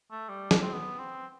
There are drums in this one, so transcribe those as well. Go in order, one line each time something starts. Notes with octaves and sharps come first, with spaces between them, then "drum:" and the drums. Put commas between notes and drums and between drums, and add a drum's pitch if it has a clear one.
A3
G3
D4, drum: snare
C4
B3
C4